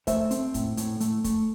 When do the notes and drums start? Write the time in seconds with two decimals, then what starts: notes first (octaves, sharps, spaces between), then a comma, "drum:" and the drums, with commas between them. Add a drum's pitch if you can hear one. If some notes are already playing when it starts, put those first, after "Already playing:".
0.07 A3 C5 E5, drum: kick, hi-hat
0.31 C4, drum: hi-hat
0.54 A2, drum: kick, hi-hat
0.77 A2, drum: hi-hat
1.00 A3, drum: hi-hat
1.24 A3, drum: kick, hi-hat